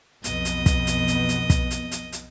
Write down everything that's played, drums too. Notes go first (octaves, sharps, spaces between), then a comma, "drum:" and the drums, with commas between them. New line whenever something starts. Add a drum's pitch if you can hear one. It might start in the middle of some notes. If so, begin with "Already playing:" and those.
B1 F2 B2 B3 D#5, drum: hi-hat
drum: hi-hat
drum: kick, hi-hat
drum: hi-hat
drum: hi-hat
drum: hi-hat
drum: kick, hi-hat
drum: hi-hat
drum: hi-hat
drum: hi-hat